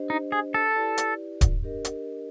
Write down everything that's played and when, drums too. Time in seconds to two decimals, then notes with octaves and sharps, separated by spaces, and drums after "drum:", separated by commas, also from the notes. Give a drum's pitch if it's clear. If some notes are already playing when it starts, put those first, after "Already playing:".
Already playing: D4 G4 C5 D#5
0.10 D#4
0.32 G#4
0.54 A4
0.76 E4 G4 B4 D5
0.98 drum: hi-hat
1.41 drum: kick D1, hi-hat
1.63 D4 G4 A#4 D#5
1.85 drum: hi-hat